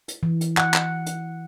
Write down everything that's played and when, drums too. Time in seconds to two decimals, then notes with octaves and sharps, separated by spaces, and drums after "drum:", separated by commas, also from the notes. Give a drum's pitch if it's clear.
0.08 drum: hi-hat
0.23 E3
0.41 drum: hi-hat
0.57 F#5, drum: clap
0.74 drum: clap
1.06 drum: hi-hat